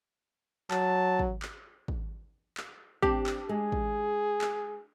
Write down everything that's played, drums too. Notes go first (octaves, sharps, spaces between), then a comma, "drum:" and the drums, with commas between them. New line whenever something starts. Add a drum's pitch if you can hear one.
F#3 A5, drum: clap
drum: kick
drum: clap
drum: kick
drum: clap
C4 D4 G4, drum: kick
drum: clap
G#3 G#4
drum: kick
drum: clap